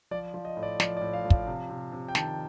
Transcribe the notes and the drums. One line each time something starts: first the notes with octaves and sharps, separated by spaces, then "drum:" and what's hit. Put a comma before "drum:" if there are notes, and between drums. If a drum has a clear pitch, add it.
F3 D5
F3
D#5
A2
D5
F3 D5, drum: snare
D5
A2
F5
F3
F5, drum: kick
C3
C3
C3
G5
D#3 A5, drum: snare